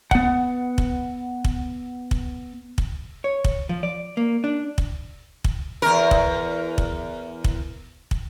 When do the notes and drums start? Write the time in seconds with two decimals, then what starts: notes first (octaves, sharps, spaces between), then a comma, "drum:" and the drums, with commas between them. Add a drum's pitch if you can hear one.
0.11 B3 F#5, drum: kick
0.78 drum: kick
1.45 drum: kick
2.11 drum: kick
2.78 drum: kick
3.24 C#5
3.45 drum: kick
3.69 F3
3.83 D5
4.17 A#3
4.44 D4
4.78 drum: kick
5.44 drum: kick
5.82 E2 A#4
6.11 drum: kick
6.78 drum: kick
7.44 drum: kick
8.11 drum: kick